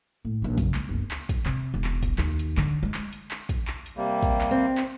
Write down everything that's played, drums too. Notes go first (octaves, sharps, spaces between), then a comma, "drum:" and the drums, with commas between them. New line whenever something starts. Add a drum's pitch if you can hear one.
A2
A#1 D#3
F#2 C#3, drum: kick, hi-hat
G#3, drum: clap
G1 D2
drum: clap
drum: kick, hi-hat
C3, drum: clap
E1
drum: clap
drum: kick, hi-hat
D#2, drum: clap
drum: hi-hat
D3, drum: clap
G#3
drum: clap
drum: hi-hat
drum: clap
drum: kick, hi-hat
drum: clap
drum: hi-hat
C3 G3 A#3
drum: kick, hi-hat
drum: clap
C4
drum: clap